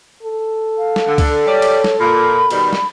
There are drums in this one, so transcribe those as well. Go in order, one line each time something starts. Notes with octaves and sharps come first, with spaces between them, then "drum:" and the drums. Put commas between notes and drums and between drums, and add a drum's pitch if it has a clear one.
A4
F5
drum: snare
D3
drum: kick C#2, cymbal
G3 C#5 D5
drum: cymbal
drum: snare
A#2 A#3 B5
B2 D#3 G3, drum: cymbal
drum: snare